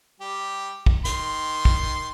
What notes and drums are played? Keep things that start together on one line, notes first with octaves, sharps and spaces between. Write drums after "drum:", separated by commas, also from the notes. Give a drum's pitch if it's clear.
G3 G4
drum: kick
D#3 C6, drum: hi-hat
drum: kick